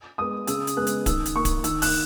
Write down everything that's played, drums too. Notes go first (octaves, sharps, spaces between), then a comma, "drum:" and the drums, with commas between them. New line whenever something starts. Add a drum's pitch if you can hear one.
G#3 B3 D#6
C#3 E6, drum: hi-hat
drum: hi-hat
G#3 B3 F#6
drum: hi-hat
D#3 E6, drum: kick D1, hi-hat
drum: hi-hat
A#3 C#6
drum: kick D1, hi-hat
D#3 E6, drum: hi-hat
F#6, drum: open hi-hat